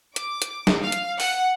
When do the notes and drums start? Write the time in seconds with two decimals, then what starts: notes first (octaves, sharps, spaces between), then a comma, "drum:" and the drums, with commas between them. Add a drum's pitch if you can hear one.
0.16 D6, drum: hi-hat
0.42 drum: hi-hat
0.67 drum: snare
0.82 F5
0.92 drum: hi-hat
1.20 F#5, drum: open hi-hat